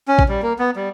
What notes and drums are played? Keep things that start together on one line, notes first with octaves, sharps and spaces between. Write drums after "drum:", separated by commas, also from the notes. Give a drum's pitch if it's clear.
C#4
drum: kick A1
G3
A#3
B3
G3